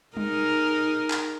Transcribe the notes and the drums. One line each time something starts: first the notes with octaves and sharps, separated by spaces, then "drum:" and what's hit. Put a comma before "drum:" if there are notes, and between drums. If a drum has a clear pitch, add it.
D#4 G#4 A#4, drum: tom G3
drum: clap